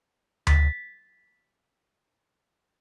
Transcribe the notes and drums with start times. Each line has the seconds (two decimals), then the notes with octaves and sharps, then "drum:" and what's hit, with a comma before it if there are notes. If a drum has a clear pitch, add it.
0.47 A6 B6, drum: tom D2